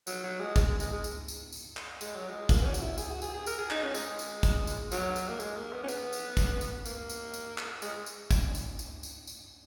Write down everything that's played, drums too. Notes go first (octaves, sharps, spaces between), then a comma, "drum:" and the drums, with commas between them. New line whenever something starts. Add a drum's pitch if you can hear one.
F#3, drum: tambourine
F#3
G#3
G#3, drum: kick, tambourine
G#3, drum: tambourine
G#3
drum: tambourine
drum: tambourine
drum: tambourine
drum: clap
G#3, drum: tambourine
F#3
G#3
A#3, drum: kick, tambourine
B3
C#4
F#4, drum: tambourine
E4
G#4, drum: tambourine
F#4
G#4, drum: tambourine
G#4
A#4, drum: tambourine
G#4
D#4, drum: clap
C#4
G#3, drum: tambourine
drum: tambourine
drum: kick, tambourine
drum: tambourine
F#3, drum: tambourine
drum: tambourine
A#3
G#3, drum: tambourine
A#3
B3
C#4
B3, drum: tambourine
drum: tambourine
drum: kick, tambourine
drum: tambourine
A#3, drum: tambourine
drum: tambourine
drum: tambourine
drum: clap
G#3, drum: tambourine
drum: tambourine
drum: kick, tambourine
drum: tambourine
drum: tambourine
drum: tambourine
drum: tambourine